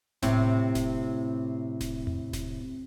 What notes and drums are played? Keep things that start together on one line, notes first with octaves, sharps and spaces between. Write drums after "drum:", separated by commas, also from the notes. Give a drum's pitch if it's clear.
A2 C3 C4, drum: snare E1
drum: snare E1
drum: snare E1
drum: tom E2
drum: snare E1